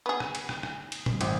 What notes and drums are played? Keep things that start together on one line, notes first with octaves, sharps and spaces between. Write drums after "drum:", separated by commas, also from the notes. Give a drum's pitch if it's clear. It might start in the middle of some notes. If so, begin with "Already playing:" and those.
B3 G#4
drum: rim click
drum: cymbal
drum: rim click
drum: rim click
drum: cymbal
drum: tom A#2
G#1, drum: cymbal